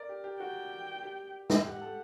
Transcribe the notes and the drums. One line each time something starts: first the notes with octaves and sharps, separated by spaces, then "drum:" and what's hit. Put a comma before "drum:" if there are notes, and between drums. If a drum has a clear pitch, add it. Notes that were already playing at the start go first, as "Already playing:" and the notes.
Already playing: A#4 D5
G4
G4
F#4 G5
G4
drum: snare
G4 F#5
A4